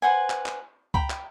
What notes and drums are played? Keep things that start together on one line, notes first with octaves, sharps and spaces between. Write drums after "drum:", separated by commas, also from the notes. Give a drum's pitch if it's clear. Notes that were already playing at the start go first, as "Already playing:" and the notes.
B4 C5 F#5 G#5
drum: clap
drum: clap
G5 A#5 B5, drum: kick C#2
drum: clap